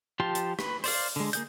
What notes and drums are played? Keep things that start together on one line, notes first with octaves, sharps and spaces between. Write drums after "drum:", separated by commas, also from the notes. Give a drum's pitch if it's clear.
F3 F4 G4 A5 C6
drum: hi-hat
B4, drum: rim click
C5 D5 F5, drum: open hi-hat
D3 G#3
A#3 G#4 G6, drum: hi-hat